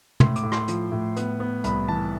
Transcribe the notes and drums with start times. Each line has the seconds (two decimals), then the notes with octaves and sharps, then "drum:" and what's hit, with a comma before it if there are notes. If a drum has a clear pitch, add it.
0.20 A2 C6, drum: tom
0.36 D6, drum: hi-hat
0.44 A2
0.52 C6, drum: rim click
0.68 F3, drum: hi-hat
0.92 A2
1.16 B3, drum: hi-hat
1.40 B3
1.64 C2 B5, drum: hi-hat
1.88 E3 A5